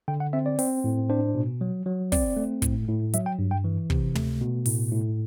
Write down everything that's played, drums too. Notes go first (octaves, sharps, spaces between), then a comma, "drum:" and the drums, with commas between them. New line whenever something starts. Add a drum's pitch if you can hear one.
D3 G5
F#5
C4 E5
D5
C4, drum: open hi-hat
A2
D4 C5
B2
F#3
F#3
C4 D5, drum: kick, open hi-hat
A3
A2, drum: kick, hi-hat
A2
F#3 E5, drum: hi-hat
G5
G2
G5
E3
C3, drum: kick
A3, drum: tom
B2
A2, drum: open hi-hat
A2